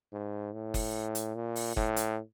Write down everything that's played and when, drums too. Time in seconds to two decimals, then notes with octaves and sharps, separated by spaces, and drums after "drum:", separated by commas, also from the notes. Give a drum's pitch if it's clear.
0.12 G#2
0.53 A2
0.74 drum: kick F#1, open hi-hat
1.15 drum: hi-hat
1.35 A#2
1.56 drum: open hi-hat
1.77 A2, drum: kick F#1
1.96 drum: hi-hat